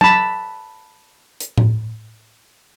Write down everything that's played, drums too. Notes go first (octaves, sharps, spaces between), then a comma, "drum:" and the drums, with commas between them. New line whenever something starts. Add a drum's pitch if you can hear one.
A5 B5, drum: tom F#3
drum: hi-hat
drum: tom A2